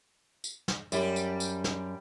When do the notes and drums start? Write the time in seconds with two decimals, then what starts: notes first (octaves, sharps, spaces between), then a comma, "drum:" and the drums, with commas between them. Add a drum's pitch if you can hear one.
0.44 drum: tambourine
0.68 drum: snare
0.92 F#2 G3 G4, drum: tambourine
1.16 drum: tambourine
1.40 drum: tambourine
1.64 drum: snare